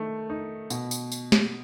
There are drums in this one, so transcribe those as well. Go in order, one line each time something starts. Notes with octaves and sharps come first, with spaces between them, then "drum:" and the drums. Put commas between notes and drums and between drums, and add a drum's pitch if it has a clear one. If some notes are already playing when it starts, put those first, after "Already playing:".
Already playing: D#3 A3
D#4
B2, drum: tambourine
drum: tambourine
drum: tambourine
drum: snare